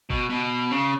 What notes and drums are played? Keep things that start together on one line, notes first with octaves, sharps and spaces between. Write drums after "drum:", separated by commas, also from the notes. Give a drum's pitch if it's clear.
B2, drum: kick G1
B2
C#3